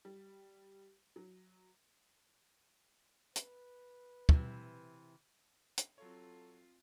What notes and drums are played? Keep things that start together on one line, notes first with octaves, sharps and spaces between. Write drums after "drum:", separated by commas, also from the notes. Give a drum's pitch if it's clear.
G3
F#3
B4, drum: hi-hat
C3 E3, drum: kick
drum: hi-hat
F#3 C4 F4 A4 C#5